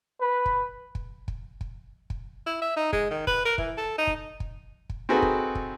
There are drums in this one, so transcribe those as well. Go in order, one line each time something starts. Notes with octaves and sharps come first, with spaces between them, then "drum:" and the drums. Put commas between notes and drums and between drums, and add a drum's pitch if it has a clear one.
B4
drum: kick
drum: kick
drum: kick
drum: kick
drum: kick
E4
E5
D#4
G#3, drum: kick
D#3
B4, drum: kick
A#4
E3, drum: kick
A4
D#4
drum: kick
drum: kick
drum: kick
C4 D#4 F#4 G#4 A4 B4
drum: kick
drum: kick